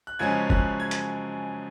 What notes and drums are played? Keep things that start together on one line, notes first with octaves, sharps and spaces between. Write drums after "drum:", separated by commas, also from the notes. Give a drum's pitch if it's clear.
F#6
F#2 C#3 F3 G#3 C#4 G#6
F#6, drum: kick F#1
G#6
drum: hi-hat